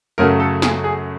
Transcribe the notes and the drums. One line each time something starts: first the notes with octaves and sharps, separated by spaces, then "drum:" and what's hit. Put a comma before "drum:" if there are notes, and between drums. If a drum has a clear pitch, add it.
F#2 C#3 F#3 A3 A#4
A4
G#4, drum: snare
G#4